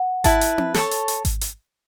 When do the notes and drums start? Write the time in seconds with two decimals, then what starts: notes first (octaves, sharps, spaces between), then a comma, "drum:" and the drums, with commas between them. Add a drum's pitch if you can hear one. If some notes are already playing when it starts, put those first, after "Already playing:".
Already playing: F#5
0.24 E4 B4 A5, drum: kick G#1, hi-hat
0.41 drum: hi-hat
0.58 drum: tom C4
0.74 A4 C#5 A5 C#6, drum: snare
0.91 drum: hi-hat
1.08 drum: hi-hat
1.25 drum: kick G#1, hi-hat
1.41 drum: hi-hat